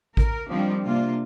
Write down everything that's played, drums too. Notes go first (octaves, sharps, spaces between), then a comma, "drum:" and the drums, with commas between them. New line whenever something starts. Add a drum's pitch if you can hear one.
A#4, drum: kick A1
D#3 F3 G3 C4 D4
C3 A#3 D4 F4